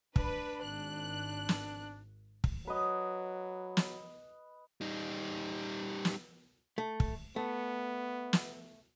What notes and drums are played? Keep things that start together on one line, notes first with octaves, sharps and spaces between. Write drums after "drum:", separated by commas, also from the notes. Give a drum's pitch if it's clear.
D4 B4, drum: kick
G#1 F#6
drum: snare
drum: kick
F#3 B4 D#5
drum: snare
G3 D#4
drum: snare
A3
drum: kick
A3 B3
drum: snare